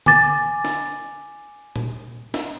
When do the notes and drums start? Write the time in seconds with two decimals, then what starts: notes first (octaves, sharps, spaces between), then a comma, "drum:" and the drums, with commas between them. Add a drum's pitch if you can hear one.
0.06 G#5 D6 A6, drum: tom D3
0.65 drum: snare
1.76 drum: tom A#2
2.34 drum: snare